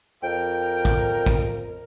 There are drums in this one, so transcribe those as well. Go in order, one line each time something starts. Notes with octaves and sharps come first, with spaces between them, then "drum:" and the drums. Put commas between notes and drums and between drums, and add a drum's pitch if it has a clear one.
F2 A#4 G5
drum: kick
drum: kick